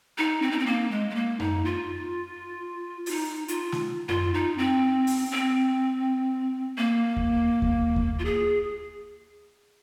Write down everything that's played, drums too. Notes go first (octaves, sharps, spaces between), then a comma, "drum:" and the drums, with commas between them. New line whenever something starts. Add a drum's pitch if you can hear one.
D#4
C4
D#4
C4
A#3
G#3
G#3
A#3
D#4, drum: tom F#2
F4
F4, drum: open hi-hat
D#4
F4, drum: hi-hat
drum: snare
F4, drum: tom F#2
D#4
C4
drum: open hi-hat
C4
A#3
drum: kick D#2
drum: kick D#2
drum: kick D#2
F4
G#4